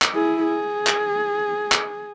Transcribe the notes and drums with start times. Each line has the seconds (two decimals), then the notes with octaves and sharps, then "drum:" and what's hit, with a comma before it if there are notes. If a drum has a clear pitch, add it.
0.02 drum: clap
0.14 E4 G#4
0.44 G#4
0.87 drum: clap
1.72 drum: clap